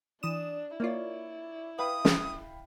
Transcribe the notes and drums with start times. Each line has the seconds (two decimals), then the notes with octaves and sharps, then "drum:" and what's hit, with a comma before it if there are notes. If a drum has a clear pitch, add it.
0.23 E3 D4 D#6 E7
0.80 A#3 E4 F4 A#4 C#5 D5
1.79 B4 F5 G5 B5 D#6
2.05 drum: snare